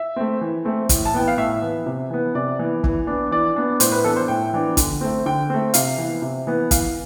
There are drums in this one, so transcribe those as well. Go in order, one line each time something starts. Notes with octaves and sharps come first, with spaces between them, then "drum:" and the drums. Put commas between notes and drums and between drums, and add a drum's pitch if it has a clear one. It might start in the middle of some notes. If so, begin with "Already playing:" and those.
Already playing: E5
A3 C4
E3
A3 C4
A2, drum: kick, hi-hat
A5
E3 B3 G5
F5
A2 E5
E3 B3
C3
E3 B3
C3 D5
E3 B3
E3, drum: kick
B3 D4
E3 D5
B3 D4
A2 C5, drum: hi-hat
B4
E3 B3 D4 A4
C5
A2 G5
E3 B3 D4
D3, drum: kick, hi-hat
A3 C4
D3 G5
A3 C4
C3 F5, drum: hi-hat
E3 B3
C3
E3 B3
E3 F5, drum: kick, hi-hat